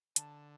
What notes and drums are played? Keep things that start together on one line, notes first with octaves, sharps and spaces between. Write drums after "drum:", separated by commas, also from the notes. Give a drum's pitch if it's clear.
D3 A5, drum: hi-hat